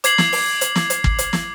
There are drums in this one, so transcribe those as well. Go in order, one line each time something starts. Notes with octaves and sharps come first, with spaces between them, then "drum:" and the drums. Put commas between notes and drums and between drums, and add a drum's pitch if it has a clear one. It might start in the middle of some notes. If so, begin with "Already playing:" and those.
D6 G#6 C7 F#7, drum: hi-hat
drum: snare
drum: open hi-hat
drum: hi-hat
drum: snare
drum: hi-hat
drum: kick
drum: hi-hat
drum: snare